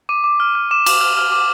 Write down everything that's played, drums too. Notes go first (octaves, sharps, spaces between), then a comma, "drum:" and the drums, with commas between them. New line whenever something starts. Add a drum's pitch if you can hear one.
D6 D#7
D6
F6
F6
D6 E7
D6, drum: cymbal
F6
F6
D6